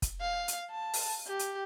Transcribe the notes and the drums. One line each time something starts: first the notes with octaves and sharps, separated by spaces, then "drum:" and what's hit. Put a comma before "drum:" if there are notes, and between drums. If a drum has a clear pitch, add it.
drum: kick, hi-hat
F5
drum: hi-hat
A5
drum: open hi-hat
G4
drum: hi-hat